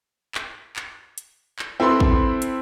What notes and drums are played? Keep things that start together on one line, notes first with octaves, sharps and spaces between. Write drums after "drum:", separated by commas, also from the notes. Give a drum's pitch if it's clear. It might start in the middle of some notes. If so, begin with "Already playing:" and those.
drum: clap
drum: clap
drum: hi-hat
drum: clap
C4 E4 A4 B4 B5 C6
drum: kick
drum: hi-hat